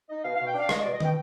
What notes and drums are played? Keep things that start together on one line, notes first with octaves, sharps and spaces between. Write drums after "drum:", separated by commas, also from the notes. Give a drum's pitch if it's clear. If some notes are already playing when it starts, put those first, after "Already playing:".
D#4 D#5
B2 F5
F5
B2
G5
D4 F5
G#3 D#5, drum: rim click
B2 D5
D#5
B2 G5, drum: tom